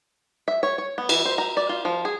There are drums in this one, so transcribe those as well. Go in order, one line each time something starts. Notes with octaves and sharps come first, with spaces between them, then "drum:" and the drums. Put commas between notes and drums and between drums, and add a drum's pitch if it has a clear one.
E5
C#5
C#5
B3
E3, drum: cymbal
C5
A#5
D5
F4
F3
G#4